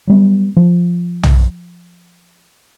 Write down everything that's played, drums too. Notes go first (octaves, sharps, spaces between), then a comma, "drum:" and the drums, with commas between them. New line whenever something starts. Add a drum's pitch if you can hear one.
F#3 G3 B3
F3
drum: tom B1